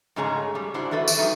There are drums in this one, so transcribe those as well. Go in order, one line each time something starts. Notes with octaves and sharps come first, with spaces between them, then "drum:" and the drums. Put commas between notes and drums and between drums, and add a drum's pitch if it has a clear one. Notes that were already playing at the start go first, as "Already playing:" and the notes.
G#2 C#3 A3 G#4 C#5 A#5
G3
G#2 D4 E4 F#4 C5
E3 F#4 A4 B4 E5
drum: tambourine
G3 D#4 F#4 G#4